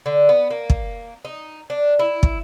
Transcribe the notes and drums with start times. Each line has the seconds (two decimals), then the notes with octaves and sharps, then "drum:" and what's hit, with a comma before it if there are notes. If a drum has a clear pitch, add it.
0.06 D3
0.29 B3
0.50 A#3
0.70 drum: kick
1.25 D#4
1.70 D4
1.99 E4
2.23 drum: kick